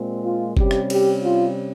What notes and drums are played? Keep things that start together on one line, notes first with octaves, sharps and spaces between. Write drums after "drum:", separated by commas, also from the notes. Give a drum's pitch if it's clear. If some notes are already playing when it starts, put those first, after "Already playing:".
Already playing: A#2 G#3 C4
F4
C3 G3 C#4 G4, drum: kick F#1
drum: rim click
G4, drum: cymbal
F4